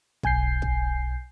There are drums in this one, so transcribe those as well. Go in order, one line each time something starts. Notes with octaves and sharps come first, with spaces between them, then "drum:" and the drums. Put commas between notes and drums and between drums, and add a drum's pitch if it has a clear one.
B1 G#5 G6 C7, drum: kick
drum: kick